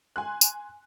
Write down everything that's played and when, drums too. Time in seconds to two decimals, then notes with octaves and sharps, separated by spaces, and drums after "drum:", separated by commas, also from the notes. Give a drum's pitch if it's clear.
0.16 G#5 C6 F#6
0.41 drum: tambourine